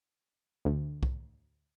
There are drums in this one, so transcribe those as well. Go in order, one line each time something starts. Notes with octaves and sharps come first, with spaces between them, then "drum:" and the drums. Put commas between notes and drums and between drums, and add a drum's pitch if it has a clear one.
D2
drum: kick